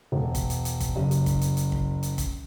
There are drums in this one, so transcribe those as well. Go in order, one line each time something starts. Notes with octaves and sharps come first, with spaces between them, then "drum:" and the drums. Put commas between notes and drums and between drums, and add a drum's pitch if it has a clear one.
E1
drum: kick, hi-hat
drum: hi-hat
drum: hi-hat
drum: kick, hi-hat
F#1
drum: hi-hat
drum: kick, hi-hat
drum: hi-hat
drum: hi-hat
drum: kick
drum: hi-hat
drum: kick, hi-hat